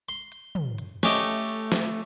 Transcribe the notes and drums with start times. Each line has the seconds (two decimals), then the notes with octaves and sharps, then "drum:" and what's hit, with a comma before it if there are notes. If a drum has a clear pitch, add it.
0.09 C6, drum: open hi-hat
0.32 drum: hi-hat
0.55 drum: tom
0.78 drum: hi-hat
1.03 A3 C#4 G4 D#5, drum: snare
1.25 drum: hi-hat
1.48 drum: hi-hat
1.72 drum: snare